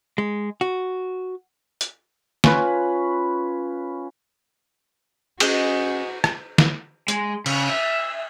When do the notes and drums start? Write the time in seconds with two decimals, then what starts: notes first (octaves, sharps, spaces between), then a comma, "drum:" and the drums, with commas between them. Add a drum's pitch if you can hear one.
0.18 G#3
0.61 F#4
1.81 drum: hi-hat
2.44 C#4 F4 B4, drum: snare
5.40 C#4 F#4 G#4 D#5, drum: cymbal
6.24 drum: rim click
6.58 drum: snare
7.08 G#3, drum: hi-hat
7.46 C#3, drum: cymbal
7.69 E5